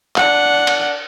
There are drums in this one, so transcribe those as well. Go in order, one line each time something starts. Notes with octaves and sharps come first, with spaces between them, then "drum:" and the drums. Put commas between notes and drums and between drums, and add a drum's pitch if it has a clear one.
D4 F#5, drum: clap
drum: cymbal